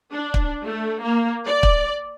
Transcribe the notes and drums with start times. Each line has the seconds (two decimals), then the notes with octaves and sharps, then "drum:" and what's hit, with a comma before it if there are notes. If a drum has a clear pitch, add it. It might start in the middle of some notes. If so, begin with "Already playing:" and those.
0.12 D4
0.34 drum: kick
0.67 A3
1.03 A#3
1.45 D5
1.63 drum: kick